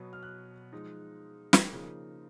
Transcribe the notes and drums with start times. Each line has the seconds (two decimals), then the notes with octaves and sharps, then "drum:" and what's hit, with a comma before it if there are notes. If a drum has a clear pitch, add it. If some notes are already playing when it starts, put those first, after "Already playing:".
Already playing: B2 F#3 B3
0.13 F6
0.23 F#6
0.73 F3 G#3 D#4
1.53 drum: snare
1.73 C#3 F3 A#3 D#4